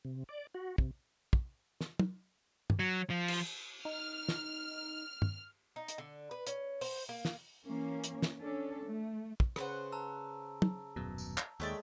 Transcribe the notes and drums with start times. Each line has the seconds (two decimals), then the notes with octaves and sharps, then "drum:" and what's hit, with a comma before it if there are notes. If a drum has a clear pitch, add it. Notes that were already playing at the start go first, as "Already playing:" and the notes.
0.05 C3
0.29 D5
0.55 F#4
0.78 C3, drum: kick
1.33 drum: kick
1.81 drum: snare
1.99 drum: tom
2.70 drum: tom
2.79 F#3
3.10 F3
3.28 drum: cymbal
3.85 D#4 F6
4.28 drum: snare
5.22 drum: tom
5.76 D#4
5.88 drum: hi-hat
5.98 D3
6.31 B4
6.47 C#4, drum: hi-hat
6.81 C5, drum: open hi-hat
7.09 A#3
7.25 drum: snare
7.65 E3 A#3 C#4
8.04 drum: hi-hat
8.22 drum: snare
8.39 C#4 D4 A4
8.85 A3
9.40 drum: kick
9.56 C#3 B4 C5 F#5, drum: rim click
9.92 A5 A#5 E6
10.62 drum: tom
10.96 D#1 F#2 B2
11.18 drum: tambourine
11.38 drum: clap
11.60 D#2 G#3 A3 C#5 D5 E5 G5